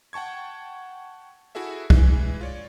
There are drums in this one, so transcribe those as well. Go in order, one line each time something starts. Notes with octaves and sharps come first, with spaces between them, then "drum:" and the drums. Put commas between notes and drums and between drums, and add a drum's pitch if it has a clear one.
F#5 G5 A5 C#6 G#6
E4 F#4 G#4 A4 E5
E3 G#3, drum: kick
F4 C#5 D5